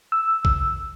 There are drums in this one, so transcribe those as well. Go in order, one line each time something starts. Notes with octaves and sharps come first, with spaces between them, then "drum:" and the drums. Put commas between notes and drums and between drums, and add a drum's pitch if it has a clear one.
E6
drum: kick A1